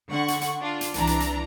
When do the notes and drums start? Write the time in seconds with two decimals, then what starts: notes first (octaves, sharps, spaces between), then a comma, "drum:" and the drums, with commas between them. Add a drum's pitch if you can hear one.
0.10 D3 F#5 C#6
0.28 drum: hi-hat
0.41 drum: hi-hat
0.61 D4 F4
0.81 drum: hi-hat
0.94 C2 E3 D4 A#5, drum: hi-hat
1.07 drum: hi-hat
1.20 drum: hi-hat